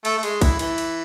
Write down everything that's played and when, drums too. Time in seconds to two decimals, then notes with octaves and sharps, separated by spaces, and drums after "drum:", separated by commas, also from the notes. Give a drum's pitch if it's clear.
0.05 A3, drum: cymbal
0.18 A3
0.23 G#3, drum: cymbal
0.41 E3 E4, drum: kick, cymbal
0.59 E3 E4, drum: cymbal
0.78 drum: cymbal